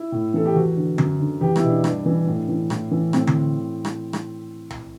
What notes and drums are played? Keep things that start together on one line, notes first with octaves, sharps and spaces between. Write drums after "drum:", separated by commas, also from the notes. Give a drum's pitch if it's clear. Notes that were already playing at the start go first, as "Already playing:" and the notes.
Already playing: E4
A2
E3 A4
G4
E2 F#4
D3
F#2, drum: tom D3
D3
E2 G4
E4, drum: rim click
B2
D4
G2 D4, drum: rim click
E3
A2
E3
A2, drum: rim click
E3
A2 C4, drum: rim click
drum: tom D3
drum: rim click
drum: rim click
drum: tom B1